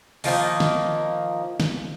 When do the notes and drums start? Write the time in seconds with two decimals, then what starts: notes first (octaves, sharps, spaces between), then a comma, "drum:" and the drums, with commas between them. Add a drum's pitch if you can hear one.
0.24 D#3 F3 A#3 D#4, drum: open hi-hat
0.60 drum: snare
1.60 drum: snare